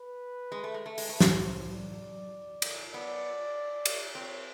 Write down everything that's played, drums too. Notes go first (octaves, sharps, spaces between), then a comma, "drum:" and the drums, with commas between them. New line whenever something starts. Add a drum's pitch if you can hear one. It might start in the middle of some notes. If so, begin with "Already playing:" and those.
Already playing: B4
G#3
A3
G#3
A3
G#3, drum: open hi-hat
A3 B4
G#3, drum: snare
C5
D5
drum: cymbal
B3 D5
drum: cymbal
C4 C#5